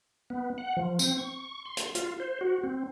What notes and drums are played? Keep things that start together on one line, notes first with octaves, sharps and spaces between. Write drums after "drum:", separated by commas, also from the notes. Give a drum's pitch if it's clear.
B3
F#5
F3
C4, drum: tambourine
C#6
C6
drum: hi-hat
F4, drum: hi-hat
C5
F#4
C4